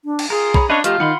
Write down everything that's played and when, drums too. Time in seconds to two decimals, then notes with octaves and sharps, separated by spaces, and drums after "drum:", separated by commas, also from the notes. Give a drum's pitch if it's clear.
0.05 D4
0.19 drum: cymbal
0.30 F4 G#4 A#4
0.54 C#5 A#5 B5, drum: kick
0.70 C#4 D4 B4 C#5 D#5 F5
0.84 F3 A3 D#4 F4 G4 D#5, drum: hi-hat
1.00 D#3 D#4 F#5 B5 C6